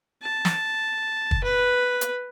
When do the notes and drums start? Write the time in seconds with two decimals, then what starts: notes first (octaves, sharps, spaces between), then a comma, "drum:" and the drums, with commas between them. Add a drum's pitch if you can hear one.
0.22 A5
0.45 drum: snare
1.31 drum: kick
1.44 B4
2.01 drum: hi-hat